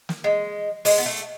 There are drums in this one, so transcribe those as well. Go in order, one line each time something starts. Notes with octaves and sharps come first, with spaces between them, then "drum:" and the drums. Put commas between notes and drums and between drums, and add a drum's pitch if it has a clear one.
drum: snare
G#3
G#3, drum: open hi-hat
B3
A3